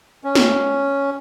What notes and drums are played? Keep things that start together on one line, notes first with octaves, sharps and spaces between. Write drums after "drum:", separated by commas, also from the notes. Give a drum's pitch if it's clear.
C#4
drum: snare